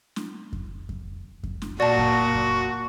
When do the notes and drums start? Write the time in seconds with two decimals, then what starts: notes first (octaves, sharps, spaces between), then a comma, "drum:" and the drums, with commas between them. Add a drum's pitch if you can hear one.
0.16 drum: snare
0.53 drum: kick F2
0.89 drum: kick F2
1.43 drum: kick F2
1.62 drum: snare
1.80 A#2 F#4 D5 A5
1.98 drum: kick F2
2.34 drum: kick F2